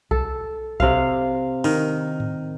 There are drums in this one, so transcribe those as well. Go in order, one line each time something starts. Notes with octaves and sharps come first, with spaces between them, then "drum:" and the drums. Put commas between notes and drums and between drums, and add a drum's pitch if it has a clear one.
A4, drum: kick B1
C3 F5, drum: kick B1
D#3, drum: open hi-hat
drum: tom G#2